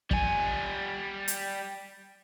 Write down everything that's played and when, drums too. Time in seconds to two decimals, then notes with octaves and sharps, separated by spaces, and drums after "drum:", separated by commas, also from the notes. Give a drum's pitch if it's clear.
0.11 G3 G#5, drum: kick
1.28 drum: hi-hat